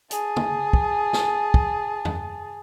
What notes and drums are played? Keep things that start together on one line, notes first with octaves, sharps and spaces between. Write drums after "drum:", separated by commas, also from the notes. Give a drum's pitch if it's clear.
G#4 A5, drum: hi-hat
drum: tom
drum: kick
drum: snare
drum: kick
drum: tom E2